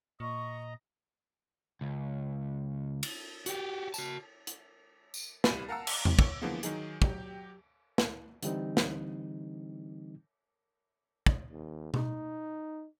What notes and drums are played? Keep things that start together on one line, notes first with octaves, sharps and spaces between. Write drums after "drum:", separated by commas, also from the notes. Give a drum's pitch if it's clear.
A#2 D#5 A#5 C#6
C#2
drum: cymbal
F#4 G4, drum: hi-hat
F#4 A5, drum: tambourine
drum: hi-hat
drum: tambourine
C2 G3 G#5 B5 A6 D#7, drum: snare
A#4 F5 F#5 A5 A#5 E6
drum: cymbal
drum: tom E2
C#5 E6, drum: kick
D3 E3 F3 G#3 A#3 B3
D#3 F#3 D#4 G#4, drum: hi-hat
F#3 G4, drum: kick
drum: snare
D3 E3 G3 C4 D#4, drum: hi-hat
drum: snare
drum: kick
D#2
D#4, drum: tom B2